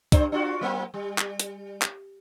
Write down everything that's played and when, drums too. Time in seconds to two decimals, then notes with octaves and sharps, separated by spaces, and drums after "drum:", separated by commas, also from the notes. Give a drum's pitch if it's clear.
0.12 G2 D4 C5, drum: kick, hi-hat
0.32 D4 F4 F#4
0.61 F#3 A#3 C4
0.94 G3
1.18 drum: clap
1.40 drum: hi-hat
1.82 drum: clap